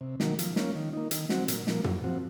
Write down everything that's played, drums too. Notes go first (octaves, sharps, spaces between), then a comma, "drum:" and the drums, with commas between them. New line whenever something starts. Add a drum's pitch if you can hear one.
C3
D#3 F#3 A#3, drum: snare
F3, drum: hi-hat
A#3 C#4 F4, drum: snare
D#3
A#3 D#4
D#3, drum: hi-hat
F#3 C4 F#4, drum: snare
A#2, drum: hi-hat
F3 A#3, drum: snare
F#2, drum: tom
F3 C4 F#4